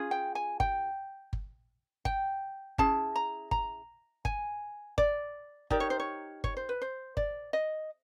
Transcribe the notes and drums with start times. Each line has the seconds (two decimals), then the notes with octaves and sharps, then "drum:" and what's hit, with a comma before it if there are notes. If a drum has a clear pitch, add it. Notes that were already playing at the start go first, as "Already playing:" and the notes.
Already playing: C#4 F4 G#4
0.11 G5
0.35 G#5
0.60 G5, drum: kick G1
1.33 drum: kick G1
2.05 G5, drum: kick G1
2.78 C#4 E4 G#4 A5, drum: kick G1
3.16 A#5
3.51 A#5, drum: kick G1
4.25 G#5, drum: kick G1
4.98 D5, drum: kick G1
5.70 D#4 G4 A#4 D5, drum: kick G1
5.80 C#5
5.90 C5
6.00 C#5
6.44 C#5, drum: kick G1
6.57 C5
6.69 B4
6.82 C5
7.17 D5, drum: kick G1
7.53 D#5